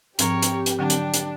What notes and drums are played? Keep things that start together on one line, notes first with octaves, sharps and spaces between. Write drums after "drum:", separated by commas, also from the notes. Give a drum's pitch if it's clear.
G#2 F3 C4 G4 A#4 C#5, drum: hi-hat
drum: hi-hat
drum: hi-hat
D3 F#3 D4
drum: hi-hat
drum: hi-hat